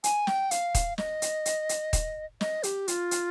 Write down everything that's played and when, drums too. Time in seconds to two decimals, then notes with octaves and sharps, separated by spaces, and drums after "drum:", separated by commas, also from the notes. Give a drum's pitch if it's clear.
0.04 G#5, drum: hi-hat
0.27 G5, drum: snare
0.51 F5, drum: hi-hat
0.75 drum: kick D#1, hi-hat
0.98 D#5, drum: snare
1.22 drum: hi-hat
1.46 drum: hi-hat
1.69 drum: hi-hat
1.93 drum: kick D#1, hi-hat
2.41 D#5, drum: snare
2.63 G4, drum: hi-hat
2.88 F4, drum: hi-hat
3.11 drum: hi-hat